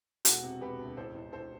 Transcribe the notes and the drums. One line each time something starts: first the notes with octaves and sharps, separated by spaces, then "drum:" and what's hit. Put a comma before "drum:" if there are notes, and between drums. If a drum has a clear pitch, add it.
E1 F#4 A4, drum: hi-hat
C3
E1 G4 B4
D2
A1 A4 C5
A1
A1 A4 C5